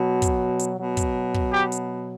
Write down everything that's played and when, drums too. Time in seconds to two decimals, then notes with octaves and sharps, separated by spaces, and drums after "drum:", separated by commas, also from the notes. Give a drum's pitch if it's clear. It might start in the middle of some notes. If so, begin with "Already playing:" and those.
Already playing: B2 F#3
0.22 drum: kick, hi-hat
0.59 drum: hi-hat
0.78 B2 F#3
0.97 drum: kick, hi-hat
1.34 drum: kick
1.53 G4
1.72 drum: hi-hat